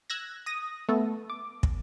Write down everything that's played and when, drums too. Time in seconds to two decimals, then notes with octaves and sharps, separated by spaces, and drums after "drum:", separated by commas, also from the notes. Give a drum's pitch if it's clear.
0.10 E6 F#6 G#6 A#6
0.46 D#6 A#6
0.89 A3 B3 A4
1.30 D6
1.63 drum: kick